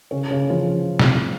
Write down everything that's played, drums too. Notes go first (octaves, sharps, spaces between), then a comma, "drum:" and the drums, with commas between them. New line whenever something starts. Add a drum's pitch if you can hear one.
C#3 C#4
C#3 C#4
F3 F4
drum: snare